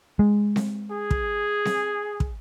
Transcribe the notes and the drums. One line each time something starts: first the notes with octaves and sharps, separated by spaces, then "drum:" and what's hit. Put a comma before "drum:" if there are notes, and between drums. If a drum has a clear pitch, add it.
G#3
drum: snare C4
G#4
drum: kick
drum: snare C4
drum: kick